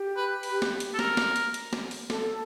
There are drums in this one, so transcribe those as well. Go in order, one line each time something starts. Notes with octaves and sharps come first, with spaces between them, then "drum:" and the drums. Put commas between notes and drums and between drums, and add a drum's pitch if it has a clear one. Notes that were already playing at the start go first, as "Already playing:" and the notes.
Already playing: G4
B4
B4, drum: open hi-hat
drum: snare
drum: hi-hat
A4
A#4, drum: snare
drum: snare
drum: hi-hat
drum: hi-hat
drum: snare
drum: open hi-hat
A4, drum: snare